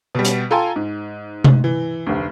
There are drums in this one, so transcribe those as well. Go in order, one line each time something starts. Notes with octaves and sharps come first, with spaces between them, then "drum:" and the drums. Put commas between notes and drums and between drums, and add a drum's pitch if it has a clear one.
B2 G3
drum: hi-hat
F4 A4 G5 G#5 A#5 C6
G#2
drum: tom C3
E3
F1 D2